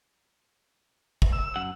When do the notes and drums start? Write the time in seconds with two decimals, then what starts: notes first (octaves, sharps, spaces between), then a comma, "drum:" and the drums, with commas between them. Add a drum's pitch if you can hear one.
1.22 drum: kick
1.33 E6
1.56 F#2 F#5